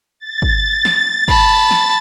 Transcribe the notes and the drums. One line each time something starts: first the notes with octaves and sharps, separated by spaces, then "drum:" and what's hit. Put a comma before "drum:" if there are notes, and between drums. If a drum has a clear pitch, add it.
A6
drum: kick
drum: snare
A5 B5, drum: kick
drum: snare